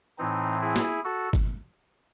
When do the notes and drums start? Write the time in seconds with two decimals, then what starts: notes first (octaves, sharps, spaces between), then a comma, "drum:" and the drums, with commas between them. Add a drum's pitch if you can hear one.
0.18 A2 E3 C4 D#4
0.61 E4 G#4
0.76 drum: snare
1.05 F#4 A4
1.33 drum: kick G1